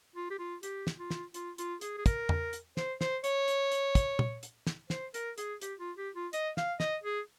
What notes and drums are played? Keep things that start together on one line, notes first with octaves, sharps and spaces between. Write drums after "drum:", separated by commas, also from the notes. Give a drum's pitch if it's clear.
F4
G4
F4
G4, drum: hi-hat
drum: snare
F4
drum: snare
F4, drum: hi-hat
F4, drum: hi-hat
G#4, drum: hi-hat
G#4
A#4, drum: kick, hi-hat
drum: tom E2
drum: hi-hat
C5, drum: snare
C5, drum: snare
C#5, drum: hi-hat
drum: hi-hat
drum: hi-hat
drum: kick, hi-hat
drum: tom
drum: hi-hat
drum: snare
C5, drum: snare
A#4, drum: hi-hat
G#4, drum: hi-hat
G4, drum: hi-hat
F4
G4
F4
D#5, drum: hi-hat
F5, drum: snare
D#5, drum: snare
G#4